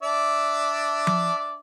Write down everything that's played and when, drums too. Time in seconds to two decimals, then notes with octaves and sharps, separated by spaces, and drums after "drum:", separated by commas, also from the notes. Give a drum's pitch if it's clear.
0.03 D4 D5 E5
1.07 drum: tom F3